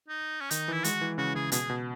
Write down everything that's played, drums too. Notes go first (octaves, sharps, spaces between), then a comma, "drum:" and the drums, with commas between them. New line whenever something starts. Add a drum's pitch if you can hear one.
D#4
C#4
D#3 D#4, drum: hi-hat
E3
E4
G#3 F#4, drum: hi-hat
E3
C#3 F#4
C#3 G#4
B2 G#4, drum: hi-hat
B2